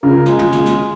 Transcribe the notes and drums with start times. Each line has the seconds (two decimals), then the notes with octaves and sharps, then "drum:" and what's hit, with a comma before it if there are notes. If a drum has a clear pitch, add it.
0.03 C#3 F4 A#4
0.26 G#3, drum: snare
0.39 drum: tom
0.52 drum: snare
0.66 drum: snare